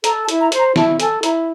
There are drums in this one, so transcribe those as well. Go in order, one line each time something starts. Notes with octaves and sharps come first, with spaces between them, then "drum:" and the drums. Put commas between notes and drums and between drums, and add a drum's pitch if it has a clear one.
A4 A#5, drum: hi-hat
A5
E4, drum: hi-hat
A#5
C5, drum: hi-hat
A#5
E4 A5, drum: snare
A4 G#5, drum: hi-hat
E4 A#5, drum: hi-hat